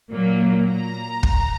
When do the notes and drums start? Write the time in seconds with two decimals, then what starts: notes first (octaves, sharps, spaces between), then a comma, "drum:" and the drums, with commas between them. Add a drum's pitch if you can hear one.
0.12 A#2 F#3 A#3
0.72 A#5
1.23 drum: kick